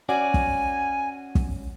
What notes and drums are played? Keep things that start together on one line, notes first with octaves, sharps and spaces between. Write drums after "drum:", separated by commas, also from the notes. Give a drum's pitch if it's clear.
C#4 F#4 D5 G#5
drum: kick
drum: kick